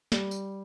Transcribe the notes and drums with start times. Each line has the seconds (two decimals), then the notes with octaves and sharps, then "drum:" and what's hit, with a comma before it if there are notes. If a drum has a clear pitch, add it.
0.12 G3, drum: snare
0.31 drum: tambourine